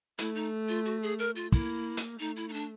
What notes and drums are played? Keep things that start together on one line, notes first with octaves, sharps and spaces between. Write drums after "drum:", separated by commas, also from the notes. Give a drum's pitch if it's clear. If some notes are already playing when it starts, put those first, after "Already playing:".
A3 E4, drum: hi-hat
D#4
F4
F#4
G#4
A#4
F4
A#3 E4, drum: kick
drum: hi-hat
A3 D#4
E4
D#4
D4